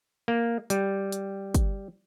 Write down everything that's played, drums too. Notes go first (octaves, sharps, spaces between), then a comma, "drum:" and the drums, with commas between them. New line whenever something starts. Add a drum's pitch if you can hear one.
A#3
G3, drum: hi-hat
drum: hi-hat
drum: kick, hi-hat